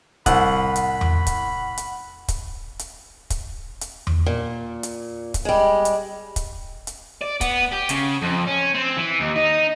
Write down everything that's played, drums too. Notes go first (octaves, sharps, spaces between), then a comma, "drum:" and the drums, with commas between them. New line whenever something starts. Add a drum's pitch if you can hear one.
C2 A2 F#5 B5, drum: kick, hi-hat
drum: hi-hat
drum: tom E2
drum: kick, hi-hat
drum: hi-hat
drum: kick, hi-hat
drum: hi-hat
drum: kick, hi-hat
drum: hi-hat
drum: tom E2
A#2
drum: hi-hat
drum: kick, hi-hat
G3 G#3
drum: hi-hat
drum: kick, hi-hat
drum: hi-hat
D5
B3, drum: kick, hi-hat
G4
C#3, drum: hi-hat
F2
C#4
C4
E3
D#2
D#4